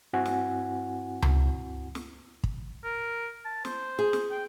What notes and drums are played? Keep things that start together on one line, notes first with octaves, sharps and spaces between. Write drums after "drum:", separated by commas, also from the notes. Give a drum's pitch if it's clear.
G2 C4 E4 F#4 F#5 G#5
drum: snare
drum: tom C#2
drum: snare
drum: kick
A#4
A5
C5, drum: snare
G#4
drum: snare
G5